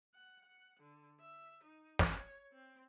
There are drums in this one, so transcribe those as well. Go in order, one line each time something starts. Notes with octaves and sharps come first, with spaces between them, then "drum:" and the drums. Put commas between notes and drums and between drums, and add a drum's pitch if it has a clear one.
F#5
F#5
D3
E5
D#4
drum: snare
C#5
C4